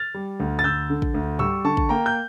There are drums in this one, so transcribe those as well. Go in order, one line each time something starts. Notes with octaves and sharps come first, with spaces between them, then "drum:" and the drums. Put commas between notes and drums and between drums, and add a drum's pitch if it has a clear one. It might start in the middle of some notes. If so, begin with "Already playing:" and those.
Already playing: F6 A6
G3
D2
A6
D2 E6 G6
D3
drum: kick
D2
G3 C#6 E6, drum: tom G#2
D3 A5 C#6
drum: kick
A#3 G5 A#5
G6